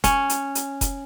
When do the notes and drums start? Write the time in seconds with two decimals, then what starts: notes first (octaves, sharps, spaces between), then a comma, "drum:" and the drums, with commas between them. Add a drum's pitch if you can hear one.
0.04 C#4, drum: kick F1, hi-hat
0.29 drum: hi-hat
0.55 drum: hi-hat
0.81 drum: kick F1, hi-hat